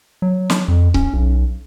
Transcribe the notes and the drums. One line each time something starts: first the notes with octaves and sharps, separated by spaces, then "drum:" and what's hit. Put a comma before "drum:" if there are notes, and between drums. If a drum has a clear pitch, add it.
F#3
drum: snare
F2
C#4, drum: kick C#1
B1